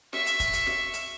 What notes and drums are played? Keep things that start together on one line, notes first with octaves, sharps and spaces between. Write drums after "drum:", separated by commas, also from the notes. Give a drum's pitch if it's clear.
E5 C#6, drum: snare
drum: hi-hat
drum: kick, hi-hat
drum: hi-hat
drum: snare
drum: hi-hat